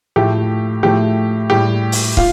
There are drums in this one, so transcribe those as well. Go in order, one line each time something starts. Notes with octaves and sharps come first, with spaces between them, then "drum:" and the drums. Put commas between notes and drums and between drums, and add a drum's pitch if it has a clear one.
A2 F3 A3 G4
A2 F3 A3 G4
A2 G3 G4
drum: open hi-hat
F4, drum: kick